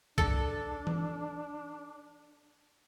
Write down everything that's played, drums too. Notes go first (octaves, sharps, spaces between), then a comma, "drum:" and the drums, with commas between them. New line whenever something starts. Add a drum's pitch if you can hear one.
D4 A4, drum: kick C2
drum: tom E3